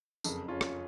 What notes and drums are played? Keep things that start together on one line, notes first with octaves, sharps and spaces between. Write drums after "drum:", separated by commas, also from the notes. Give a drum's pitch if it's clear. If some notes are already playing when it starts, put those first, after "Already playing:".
F#1 F2 C#3, drum: tambourine
C#4 F4
drum: rim click